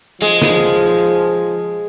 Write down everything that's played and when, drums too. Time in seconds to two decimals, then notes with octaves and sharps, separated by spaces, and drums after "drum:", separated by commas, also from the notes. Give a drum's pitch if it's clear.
0.21 F3 G#3, drum: hi-hat
0.42 drum: snare